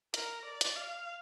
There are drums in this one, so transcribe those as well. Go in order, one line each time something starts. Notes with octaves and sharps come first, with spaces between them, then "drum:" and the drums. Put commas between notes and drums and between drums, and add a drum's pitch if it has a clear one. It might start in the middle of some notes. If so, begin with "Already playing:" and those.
A#4, drum: hi-hat
D5
drum: hi-hat
F5